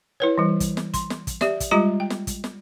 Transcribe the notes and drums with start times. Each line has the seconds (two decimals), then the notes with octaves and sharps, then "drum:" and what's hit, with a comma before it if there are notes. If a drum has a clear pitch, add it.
0.20 E4 B4 C#5
0.38 E3 G3
0.60 drum: kick, hi-hat
0.77 drum: snare
0.94 C6, drum: kick, hi-hat
1.10 drum: snare
1.27 drum: kick, hi-hat
1.41 G4 D5 E5, drum: snare
1.60 drum: kick, hi-hat
1.71 G3 G#3 F4 G4 D#5 A#5
2.00 G5
2.10 drum: snare
2.27 drum: kick, hi-hat
2.44 drum: snare